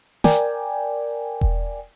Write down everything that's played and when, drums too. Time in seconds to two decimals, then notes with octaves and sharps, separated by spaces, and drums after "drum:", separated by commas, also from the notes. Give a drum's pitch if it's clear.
0.24 A#4 D5 G5 G#5, drum: snare
1.41 drum: kick E1